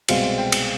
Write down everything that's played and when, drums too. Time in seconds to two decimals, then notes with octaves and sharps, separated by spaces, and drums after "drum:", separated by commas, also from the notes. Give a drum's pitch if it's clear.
0.08 C2 B2 G#3 C4 F5, drum: cymbal
0.38 G5
0.52 drum: cymbal